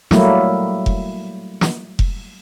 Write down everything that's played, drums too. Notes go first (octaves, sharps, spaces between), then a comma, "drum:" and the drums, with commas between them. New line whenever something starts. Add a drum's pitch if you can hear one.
F#3 G3 A3 A#3 E4, drum: snare
drum: kick F1
drum: snare
drum: kick F1